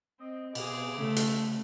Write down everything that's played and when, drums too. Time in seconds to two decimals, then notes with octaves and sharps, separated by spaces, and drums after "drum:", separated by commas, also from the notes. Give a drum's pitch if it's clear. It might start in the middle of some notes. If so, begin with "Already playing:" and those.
0.20 C4 D#5
0.55 B2 G#4 D6, drum: cymbal
0.98 C#3 A3
1.16 drum: hi-hat